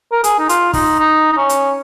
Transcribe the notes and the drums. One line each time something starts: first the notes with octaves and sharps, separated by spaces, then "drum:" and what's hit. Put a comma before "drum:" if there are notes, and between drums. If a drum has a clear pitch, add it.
A#4
G#4, drum: hi-hat
D#4
F4, drum: hi-hat
D#4, drum: kick, open hi-hat
D#4
D#4
C#4
drum: hi-hat